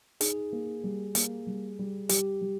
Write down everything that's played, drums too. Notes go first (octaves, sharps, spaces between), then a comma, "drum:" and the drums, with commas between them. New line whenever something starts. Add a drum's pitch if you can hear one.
D#4 G#4, drum: hi-hat
A#3
G3
A#3, drum: hi-hat
G3
G3
G3 G4, drum: hi-hat
G3